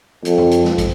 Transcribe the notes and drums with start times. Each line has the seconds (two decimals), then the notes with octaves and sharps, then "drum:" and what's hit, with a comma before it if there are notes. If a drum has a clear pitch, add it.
0.25 F2, drum: hi-hat
0.38 drum: tom F2
0.51 drum: hi-hat
0.65 drum: snare
0.78 drum: kick, hi-hat